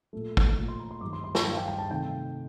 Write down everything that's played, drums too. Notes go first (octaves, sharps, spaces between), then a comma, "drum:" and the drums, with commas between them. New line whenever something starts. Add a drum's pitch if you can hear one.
A#2 A3
drum: kick
A#2 A3
C6
A#5
C6
G2 D#3 G3 D6
C6
C6
A5, drum: snare
G2 D#3 G3 G5
F5
G5
G5
A5
C3 D#3 A3 G5